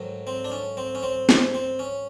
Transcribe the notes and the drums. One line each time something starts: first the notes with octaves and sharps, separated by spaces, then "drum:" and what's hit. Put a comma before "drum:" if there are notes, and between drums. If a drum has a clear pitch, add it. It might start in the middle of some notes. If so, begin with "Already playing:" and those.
Already playing: G#2 D#3 F#3 A3
C4
D4
C#4
C4
C#4
C4
C4, drum: snare B3
C4
C#4